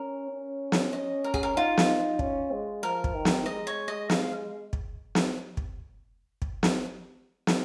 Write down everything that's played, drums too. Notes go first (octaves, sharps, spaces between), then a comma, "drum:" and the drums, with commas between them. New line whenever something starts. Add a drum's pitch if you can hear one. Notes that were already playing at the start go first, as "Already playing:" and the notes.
Already playing: C#4 A#4
C#4
drum: snare
C#4 D#5
A#4
G#4, drum: kick
A#4
D#4 F4
drum: snare
C#4, drum: kick
G#3
F3 A#4
drum: kick
D#3
drum: snare
G#3 D#5
C#5
D#5
F5, drum: snare
drum: kick
drum: snare
drum: kick
drum: kick
drum: snare
drum: snare